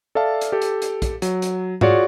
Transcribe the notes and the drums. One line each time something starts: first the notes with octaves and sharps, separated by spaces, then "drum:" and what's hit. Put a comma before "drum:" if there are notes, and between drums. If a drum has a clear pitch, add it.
A4 D5 E5 F5 A5
drum: hi-hat
G4 A4
drum: hi-hat
drum: hi-hat
drum: kick, hi-hat
F#3, drum: hi-hat
drum: hi-hat
F4 F#4 G#4 C#5 D5, drum: tom G#2